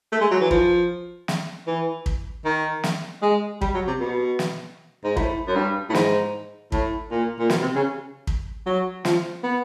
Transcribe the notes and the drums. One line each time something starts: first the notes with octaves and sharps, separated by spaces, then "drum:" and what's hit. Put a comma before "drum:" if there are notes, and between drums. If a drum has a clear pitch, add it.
A3
G#3
F#3
E3
F3, drum: kick
drum: snare
E3
drum: kick
D#3
drum: snare
G#3
G3, drum: kick
F#3
C3
B2
drum: snare
G#2
A2, drum: kick
F#2
G2
A2
G#2, drum: snare
A2, drum: kick
A#2
A#2
B2, drum: snare
C3
C#3
drum: kick
F#3
F3, drum: snare
B3